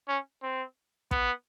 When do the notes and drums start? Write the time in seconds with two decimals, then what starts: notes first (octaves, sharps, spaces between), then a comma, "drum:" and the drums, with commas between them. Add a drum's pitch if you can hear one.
0.08 C#4
0.43 C4
1.11 B3, drum: kick